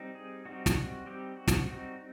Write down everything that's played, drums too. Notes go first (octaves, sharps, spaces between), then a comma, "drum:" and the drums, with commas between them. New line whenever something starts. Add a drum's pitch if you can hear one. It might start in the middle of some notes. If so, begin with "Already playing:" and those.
Already playing: G3 C4 D#4
G#4
G3 C4 D#4 F#4
drum: snare
F#4
G3 C4 D#4 G4
F#4
drum: snare
G3 C4 D#4 F#4